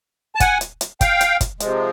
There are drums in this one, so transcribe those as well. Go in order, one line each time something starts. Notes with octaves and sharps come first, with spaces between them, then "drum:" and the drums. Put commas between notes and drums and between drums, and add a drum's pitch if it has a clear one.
A5
F#5 G#5, drum: kick, hi-hat
drum: hi-hat
drum: hi-hat
F5 G5, drum: kick, hi-hat
drum: hi-hat
drum: kick, hi-hat
C3 F3 G#3, drum: hi-hat